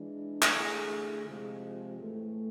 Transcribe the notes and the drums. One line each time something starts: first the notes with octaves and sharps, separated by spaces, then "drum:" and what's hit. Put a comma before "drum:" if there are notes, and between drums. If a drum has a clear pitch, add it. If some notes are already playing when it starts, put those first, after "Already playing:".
Already playing: E3 G#3 D4
drum: clap
D3 A3 E4 G#4
F2 C3 F3 G#3
A2 E3 A3